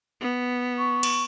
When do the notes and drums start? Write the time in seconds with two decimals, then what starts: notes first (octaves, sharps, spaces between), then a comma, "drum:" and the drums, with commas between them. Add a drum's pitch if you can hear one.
0.21 B3
0.78 C#6
1.03 drum: cymbal